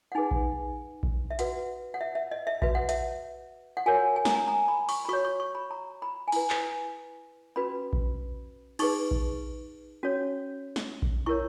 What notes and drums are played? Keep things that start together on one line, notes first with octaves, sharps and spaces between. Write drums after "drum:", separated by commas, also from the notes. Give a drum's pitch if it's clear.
F#5
D#4 G#4 B4 G#5
drum: kick A#1
drum: kick A#1
E5
F#4 B4 F#5, drum: hi-hat
F#5
E5
E5
D#5
E5
F#4 B4 E5, drum: kick A#1
F#5
E5, drum: hi-hat
F#5
F#4 A#4 C#5 G#5
G#5
A#5, drum: snare
G#5
A#5
B5
C#6, drum: open hi-hat
B5
F#4 C#5 C#6
C#6
C#6
B5
A#5
B5
G#5
E4 B4 A#5, drum: open hi-hat
drum: clap
C#4 F#4 B4 B5
drum: kick A#1
D#4 G#4 B4 C#6, drum: cymbal
drum: kick A#1
C#4 F#4 C#5
drum: snare
drum: kick A#1
E4 A#4 C#5 C#6